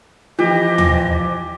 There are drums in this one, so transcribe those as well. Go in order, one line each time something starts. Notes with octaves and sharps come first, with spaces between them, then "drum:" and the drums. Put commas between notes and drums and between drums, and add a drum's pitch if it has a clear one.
E3 F3 G4 D#5
drum: tom D#2